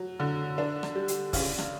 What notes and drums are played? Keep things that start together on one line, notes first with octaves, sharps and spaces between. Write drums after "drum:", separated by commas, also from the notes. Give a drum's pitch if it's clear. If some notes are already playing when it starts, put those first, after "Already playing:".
Already playing: F#3
D3
D4
drum: rim click
G3
drum: hi-hat
C#3, drum: kick, open hi-hat
drum: rim click